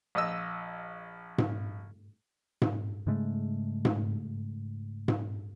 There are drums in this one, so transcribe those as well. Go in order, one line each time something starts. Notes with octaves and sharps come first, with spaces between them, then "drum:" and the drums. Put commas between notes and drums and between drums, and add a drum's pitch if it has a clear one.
A#1 D#5 E6
drum: tom G#2
drum: tom G#2
G#2 C#3 G#3 A3
drum: tom G#2
drum: tom G#2